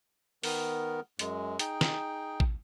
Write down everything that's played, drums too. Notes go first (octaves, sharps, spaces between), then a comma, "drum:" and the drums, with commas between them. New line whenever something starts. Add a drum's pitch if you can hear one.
D#3 B3 A#4, drum: open hi-hat
F#2 G#3, drum: hi-hat
D#4 G#4 G5, drum: hi-hat
drum: snare
drum: kick